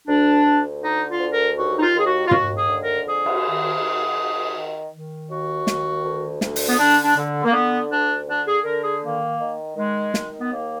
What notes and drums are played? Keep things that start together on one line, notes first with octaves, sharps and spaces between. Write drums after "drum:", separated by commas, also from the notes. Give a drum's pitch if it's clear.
D2 D4
D2
D3 D#4
F4
D2
A#4
D#2 F#4
D#4
F4
D#2 G#4
F#4
F4
D#2 F#4, drum: tom
G#4
D3
A#4
F2 G#4
drum: cymbal
D#3
D#3
D#3
D#3
D#3
D#2 F#4
D#3, drum: snare
D2
D2, drum: snare
drum: open hi-hat
B3
D3 D4
D4
D3
A#3
D3 B3
D2 D4
D3 D4
G#4
D3 A#4
G#4
D#3 A#3
D#3
D#3 G#3
D#3, drum: snare
B3
D#2 A#3